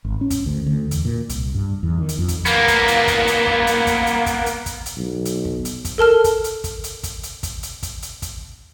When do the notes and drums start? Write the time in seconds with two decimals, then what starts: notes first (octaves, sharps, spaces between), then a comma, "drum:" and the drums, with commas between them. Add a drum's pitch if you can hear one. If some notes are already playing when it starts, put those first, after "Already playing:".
0.05 G#1
0.21 C#4
0.30 drum: kick, hi-hat
0.46 D2
0.66 D2
0.91 E2, drum: hi-hat
1.05 A#2
1.29 C2, drum: hi-hat
1.54 G2
1.83 E2
1.98 D#3
2.09 drum: hi-hat
2.18 F2
2.28 drum: kick, hi-hat
2.45 A#3 B3, drum: hi-hat
2.68 drum: kick, hi-hat
2.88 drum: hi-hat
3.08 drum: kick, hi-hat
3.27 drum: hi-hat
3.47 drum: kick
3.67 drum: hi-hat
3.87 drum: kick, hi-hat
4.07 drum: hi-hat
4.26 drum: kick, hi-hat
4.46 drum: hi-hat
4.66 drum: kick, hi-hat
4.86 drum: hi-hat
4.97 B1
5.25 drum: hi-hat
5.45 drum: kick
5.65 drum: hi-hat
5.85 drum: kick, hi-hat
5.98 A4 A#4 A5 F6
6.24 drum: kick, hi-hat
6.44 drum: hi-hat
6.64 drum: kick, hi-hat
6.84 drum: hi-hat
7.03 drum: kick, hi-hat
7.23 drum: hi-hat
7.43 drum: kick, hi-hat
7.63 drum: hi-hat
7.83 drum: kick, hi-hat
8.02 drum: hi-hat
8.22 drum: kick, hi-hat